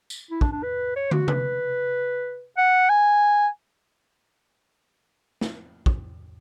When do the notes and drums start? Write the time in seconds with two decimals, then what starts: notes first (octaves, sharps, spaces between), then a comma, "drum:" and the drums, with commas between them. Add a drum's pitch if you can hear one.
0.10 drum: tambourine
0.31 E4
0.41 D4, drum: kick
0.52 D4
0.63 B4
0.96 C#5
1.11 F#4, drum: tom
1.28 B4, drum: tom C3
2.57 F#5
2.89 G#5
5.41 drum: snare
5.86 drum: kick